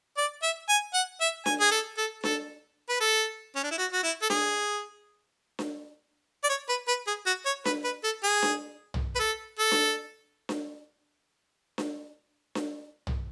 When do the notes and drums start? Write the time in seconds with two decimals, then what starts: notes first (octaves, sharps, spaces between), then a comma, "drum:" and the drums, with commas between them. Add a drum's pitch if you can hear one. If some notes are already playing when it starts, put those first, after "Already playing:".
0.17 D5
0.43 E5
0.69 G#5
0.94 F#5
1.21 E5
1.46 G#5, drum: snare D4
1.60 G#4
1.71 A4
1.98 A4
2.24 A4, drum: snare D4
2.89 B4
3.00 A4
3.55 C#4
3.64 D4
3.71 E4
3.78 F#4
3.92 F#4
4.04 E4
4.22 A4
4.30 G#4, drum: snare D4
5.59 drum: snare D4
6.44 D5
6.49 C#5
6.69 B4
6.88 B4
7.07 G#4
7.26 F#4
7.46 C#5
7.65 B4, drum: snare D4
7.84 B4
8.04 A4
8.23 G#4
8.42 drum: snare D4
8.94 drum: tom
9.16 B4
9.19 A4
9.59 A4
9.71 drum: snare D4
10.49 drum: snare D4
11.78 drum: snare D4
12.55 drum: snare D4
13.07 drum: tom